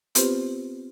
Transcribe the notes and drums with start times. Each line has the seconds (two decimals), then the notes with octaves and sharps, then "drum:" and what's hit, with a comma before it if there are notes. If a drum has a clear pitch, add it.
0.15 B3 C4 F4 G4 B4 C5, drum: hi-hat